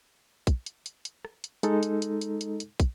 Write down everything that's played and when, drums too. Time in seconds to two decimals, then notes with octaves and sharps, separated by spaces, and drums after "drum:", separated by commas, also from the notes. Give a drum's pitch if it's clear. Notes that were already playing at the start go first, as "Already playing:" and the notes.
0.47 drum: kick, hi-hat
0.66 drum: hi-hat
0.86 drum: hi-hat
1.05 drum: hi-hat
1.25 drum: rim click
1.44 drum: hi-hat
1.63 G#3 D#4 A4, drum: hi-hat
1.83 drum: hi-hat
2.02 drum: hi-hat
2.21 drum: hi-hat
2.41 drum: hi-hat
2.60 drum: hi-hat
2.80 drum: kick, hi-hat